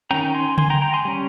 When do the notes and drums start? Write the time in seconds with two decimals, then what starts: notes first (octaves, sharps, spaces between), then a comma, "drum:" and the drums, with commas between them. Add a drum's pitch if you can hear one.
0.11 D#3 A#3 C#4 G5 A#5
0.34 G#5 C6
0.58 G#5 C6, drum: tom C#3
0.70 G5 A#5
0.81 G5 A#5
0.93 G#5 C6
1.05 G3 C#4